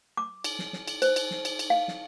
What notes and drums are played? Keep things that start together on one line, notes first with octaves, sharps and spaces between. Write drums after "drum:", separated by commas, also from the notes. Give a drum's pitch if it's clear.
D6
drum: cymbal
drum: snare
drum: snare
drum: cymbal
C5, drum: cymbal
drum: cymbal
drum: snare
drum: cymbal
drum: cymbal
F5
drum: snare